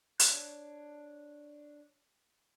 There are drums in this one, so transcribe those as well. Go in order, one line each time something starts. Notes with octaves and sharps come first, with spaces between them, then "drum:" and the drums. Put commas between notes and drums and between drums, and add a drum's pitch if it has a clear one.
D4 C#5 F#6, drum: hi-hat